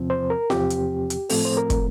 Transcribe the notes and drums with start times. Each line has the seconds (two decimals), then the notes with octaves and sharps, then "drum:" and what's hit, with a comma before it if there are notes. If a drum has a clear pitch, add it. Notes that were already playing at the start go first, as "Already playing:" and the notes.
Already playing: E2 C3 F3 C4
0.10 C5
0.30 A#4
0.50 E2 C3 F3 C4 G4, drum: snare F4
0.70 drum: hi-hat
1.10 drum: hi-hat
1.29 A2 F3 A3 C4 A4, drum: open hi-hat
1.45 C5
1.57 A#4
1.70 drum: kick, hi-hat